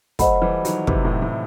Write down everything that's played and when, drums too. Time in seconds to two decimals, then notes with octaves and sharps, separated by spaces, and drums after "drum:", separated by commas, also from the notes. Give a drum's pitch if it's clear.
0.19 F#3 A3 C5 D#5 F#5 B5, drum: kick, hi-hat
0.42 E3 G3
0.65 D#3 F#3, drum: hi-hat
0.87 C3 E3, drum: kick
1.05 A2
1.22 A2